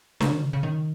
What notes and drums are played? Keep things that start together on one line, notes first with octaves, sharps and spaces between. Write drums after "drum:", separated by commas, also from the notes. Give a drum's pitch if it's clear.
C#3, drum: snare
D#3
C#3
C#3
D#3